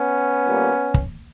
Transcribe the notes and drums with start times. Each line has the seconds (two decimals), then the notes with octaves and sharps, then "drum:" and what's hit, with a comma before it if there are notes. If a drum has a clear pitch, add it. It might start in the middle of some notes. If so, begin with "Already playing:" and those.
Already playing: B3 C#4
0.45 A#2 G3 A#3
0.94 drum: kick